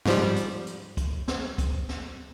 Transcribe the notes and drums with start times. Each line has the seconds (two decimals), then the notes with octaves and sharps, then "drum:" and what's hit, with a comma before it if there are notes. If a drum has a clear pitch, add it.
0.06 G#2 F3 G3, drum: snare
0.36 drum: hi-hat
0.67 drum: hi-hat
0.97 drum: kick, hi-hat
1.28 drum: snare
1.58 drum: kick, hi-hat
1.89 drum: snare